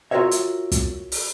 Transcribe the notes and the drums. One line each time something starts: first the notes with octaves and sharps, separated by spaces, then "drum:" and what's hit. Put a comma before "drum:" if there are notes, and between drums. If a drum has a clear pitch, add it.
F4 F#4 G#4 A#4 C#5 E5
drum: hi-hat
drum: kick, hi-hat
drum: open hi-hat